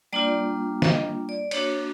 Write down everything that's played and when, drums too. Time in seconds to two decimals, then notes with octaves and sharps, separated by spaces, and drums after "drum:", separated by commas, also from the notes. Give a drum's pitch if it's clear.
0.13 G3 A#3 D4 F4 D5
0.82 D#5, drum: snare
1.29 D5
1.51 A#3 D4 F#4 C#5, drum: cymbal